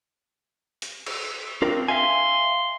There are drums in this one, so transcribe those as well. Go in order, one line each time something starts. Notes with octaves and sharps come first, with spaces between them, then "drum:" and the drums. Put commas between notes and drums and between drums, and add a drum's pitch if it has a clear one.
drum: hi-hat
drum: cymbal
C4 D4 F4 A#4
E5 F5 G#5 C6